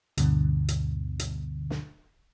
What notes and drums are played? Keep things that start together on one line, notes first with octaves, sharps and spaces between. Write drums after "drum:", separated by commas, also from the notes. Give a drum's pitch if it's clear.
D2 G2 B2 D3, drum: hi-hat
drum: hi-hat
drum: hi-hat
drum: snare